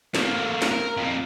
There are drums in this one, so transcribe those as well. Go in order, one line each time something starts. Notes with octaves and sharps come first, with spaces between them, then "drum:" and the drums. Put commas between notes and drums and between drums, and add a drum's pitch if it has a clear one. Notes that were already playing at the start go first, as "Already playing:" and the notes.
A3 A#3, drum: snare
drum: snare
A#4
F2 A#3